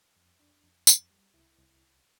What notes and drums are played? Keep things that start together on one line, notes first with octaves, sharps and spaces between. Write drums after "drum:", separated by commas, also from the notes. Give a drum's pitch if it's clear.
F2
F2 D4
F2
F2, drum: tambourine
G3
C2 E4
C2